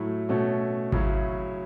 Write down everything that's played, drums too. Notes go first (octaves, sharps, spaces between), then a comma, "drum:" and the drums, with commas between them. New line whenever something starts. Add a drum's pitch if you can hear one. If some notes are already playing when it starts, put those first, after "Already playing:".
Already playing: A2 F#3 A3 E4
B2 A3 C#4 F#4
C#3 F#3 C#4 E4, drum: kick G#1